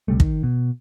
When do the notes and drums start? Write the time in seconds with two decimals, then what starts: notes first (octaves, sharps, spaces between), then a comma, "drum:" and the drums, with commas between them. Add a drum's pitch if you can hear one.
0.08 C#2 C3 G3 A3
0.20 D#3, drum: kick
0.43 B2